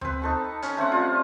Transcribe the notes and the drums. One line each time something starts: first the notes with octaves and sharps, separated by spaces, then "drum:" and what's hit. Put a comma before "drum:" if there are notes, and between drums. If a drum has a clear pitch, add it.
C4 B4, drum: tom D2
D#4 A4 C#6
C#4, drum: hi-hat
A3 C4 C#4 F#5
G3 F4